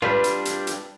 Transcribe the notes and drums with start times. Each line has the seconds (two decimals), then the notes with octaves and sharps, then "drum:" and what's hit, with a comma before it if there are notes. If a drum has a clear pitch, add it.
0.02 G3 D4 F4 B4
0.24 drum: hi-hat
0.45 drum: hi-hat
0.67 drum: hi-hat